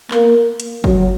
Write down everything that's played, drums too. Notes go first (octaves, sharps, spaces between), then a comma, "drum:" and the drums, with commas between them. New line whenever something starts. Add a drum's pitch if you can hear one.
A#3, drum: clap
drum: hi-hat
F#3, drum: kick